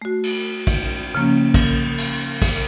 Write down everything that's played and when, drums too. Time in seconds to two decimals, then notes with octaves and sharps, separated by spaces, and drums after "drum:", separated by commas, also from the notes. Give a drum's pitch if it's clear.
0.02 A3 F#4
0.23 drum: cymbal
0.67 drum: kick, cymbal
1.15 C#3 F3 A#3 C#4
1.54 drum: kick, cymbal
1.98 drum: cymbal
2.42 drum: kick, cymbal